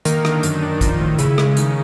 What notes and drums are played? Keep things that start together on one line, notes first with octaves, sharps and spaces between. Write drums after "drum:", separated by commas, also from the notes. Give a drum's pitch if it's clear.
D#3 A#3, drum: hi-hat
D3, drum: rim click
F#2, drum: hi-hat
D4
F3, drum: kick, hi-hat
A2
C#3 E4, drum: hi-hat
G#3, drum: rim click
D#3, drum: hi-hat